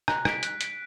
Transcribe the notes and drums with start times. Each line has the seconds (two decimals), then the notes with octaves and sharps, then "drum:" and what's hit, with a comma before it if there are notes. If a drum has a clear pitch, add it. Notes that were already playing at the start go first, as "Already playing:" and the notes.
0.08 A#5 F#6, drum: rim click
0.25 B6 D7, drum: rim click
0.43 F#6, drum: hi-hat
0.61 B6 D7, drum: hi-hat